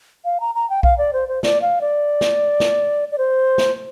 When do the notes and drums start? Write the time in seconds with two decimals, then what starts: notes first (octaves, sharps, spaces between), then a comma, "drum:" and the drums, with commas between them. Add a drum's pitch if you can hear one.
0.25 F5
0.40 A#5
0.55 A#5
0.70 G5
0.83 F5, drum: kick B1
0.98 D5
1.13 C5
1.29 C5
1.43 D5, drum: snare
1.62 F5
1.81 D5
2.21 drum: snare
2.60 drum: snare
3.12 D5
3.18 C5
3.58 drum: snare